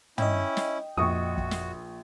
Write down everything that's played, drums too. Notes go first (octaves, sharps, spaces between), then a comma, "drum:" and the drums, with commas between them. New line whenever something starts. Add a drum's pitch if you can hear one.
C#4 E4 D#5 G5, drum: tom
drum: snare
A#1 F2 F#4 C#6 D#6
drum: kick
drum: snare